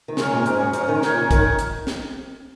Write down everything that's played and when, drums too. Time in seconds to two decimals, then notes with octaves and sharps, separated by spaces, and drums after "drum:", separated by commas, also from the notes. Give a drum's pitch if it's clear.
0.08 D#3
0.17 C#3 G#3 C#4 A#4, drum: snare
0.32 A#2
0.46 G#2 G#3 C#4 A#4, drum: hi-hat
0.60 F#2
0.73 G#2 G#3 C#4 A#4, drum: hi-hat
0.88 D#3
1.02 D#3 D#4 A#4 C#5, drum: snare
1.12 A#2
1.21 C#3
1.31 D#3 D#4 A#4 C#5, drum: kick, hi-hat
1.59 drum: hi-hat
1.87 drum: snare